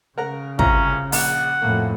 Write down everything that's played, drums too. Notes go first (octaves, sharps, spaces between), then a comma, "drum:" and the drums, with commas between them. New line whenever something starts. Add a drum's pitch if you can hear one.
C#3 A#4 F#5 A#5
C2 C3 C#4 F4 A#5, drum: kick
A#1 F#5, drum: open hi-hat
F2 A2 A#3